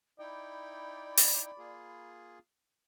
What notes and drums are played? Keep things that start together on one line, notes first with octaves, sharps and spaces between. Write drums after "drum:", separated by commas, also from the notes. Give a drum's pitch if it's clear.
D#4 E4 D5 G5 B5
drum: open hi-hat
A#3 F4 G#4